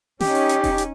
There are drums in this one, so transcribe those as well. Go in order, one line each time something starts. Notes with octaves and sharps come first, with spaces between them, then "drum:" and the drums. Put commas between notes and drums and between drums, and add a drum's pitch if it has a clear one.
C#4 D#4 G4, drum: snare
drum: open hi-hat
drum: hi-hat
drum: kick E1, open hi-hat
drum: hi-hat